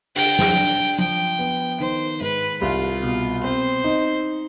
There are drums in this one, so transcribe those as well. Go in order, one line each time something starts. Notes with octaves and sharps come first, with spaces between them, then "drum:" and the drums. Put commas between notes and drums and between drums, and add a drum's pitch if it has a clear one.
D3 G5, drum: open hi-hat
drum: snare
D4
F3 G5
B3
D#3 C5
G#2 B4
C2 F4
B2
C4 C5
D#4